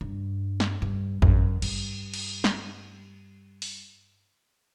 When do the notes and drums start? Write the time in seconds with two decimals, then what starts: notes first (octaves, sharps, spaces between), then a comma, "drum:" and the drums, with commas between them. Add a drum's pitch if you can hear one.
0.01 G2
0.60 drum: snare
0.82 G2
1.22 F#2, drum: kick
1.62 G2, drum: cymbal
2.14 drum: cymbal
2.44 drum: snare
3.62 drum: open hi-hat